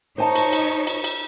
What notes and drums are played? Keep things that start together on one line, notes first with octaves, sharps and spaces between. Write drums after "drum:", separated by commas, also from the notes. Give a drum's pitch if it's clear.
D#4 C5 C#5 G#5 A5
drum: cymbal
drum: cymbal
drum: cymbal
drum: cymbal